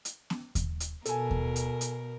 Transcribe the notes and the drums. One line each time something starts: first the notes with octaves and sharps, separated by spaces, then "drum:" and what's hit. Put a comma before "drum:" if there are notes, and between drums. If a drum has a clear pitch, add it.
drum: hi-hat
drum: snare B3
drum: kick D#2, hi-hat
drum: hi-hat
B2 A4 A#4 G#5, drum: hi-hat
drum: kick D#2
drum: hi-hat
drum: hi-hat